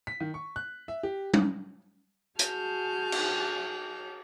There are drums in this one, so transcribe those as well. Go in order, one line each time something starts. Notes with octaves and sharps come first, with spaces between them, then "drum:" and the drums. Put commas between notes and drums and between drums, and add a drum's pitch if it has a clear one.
B6
D#3
C#6
F#6
E5
G4
drum: tom
F#4 G#4 G#5 A5 F6 G6, drum: hi-hat
drum: cymbal